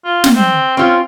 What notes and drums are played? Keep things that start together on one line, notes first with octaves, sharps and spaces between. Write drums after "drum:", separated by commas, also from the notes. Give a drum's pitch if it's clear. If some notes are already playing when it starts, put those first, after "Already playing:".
F4
drum: snare
C4
C4 C#4 F4